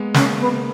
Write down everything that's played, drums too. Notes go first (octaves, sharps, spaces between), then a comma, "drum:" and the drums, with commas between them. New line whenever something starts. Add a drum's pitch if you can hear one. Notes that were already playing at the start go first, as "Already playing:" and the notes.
Already playing: G#3 A#3 B3
A#3 C#4, drum: snare
B3
A#3